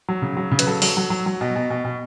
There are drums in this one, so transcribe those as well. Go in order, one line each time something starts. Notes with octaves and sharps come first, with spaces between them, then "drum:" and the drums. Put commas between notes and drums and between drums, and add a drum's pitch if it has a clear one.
F#3
C#3
F#3
C#3
B4, drum: hi-hat
F#3 A4
F#3, drum: open hi-hat
F#3
F#3
F#3
B2
B2
B2
B2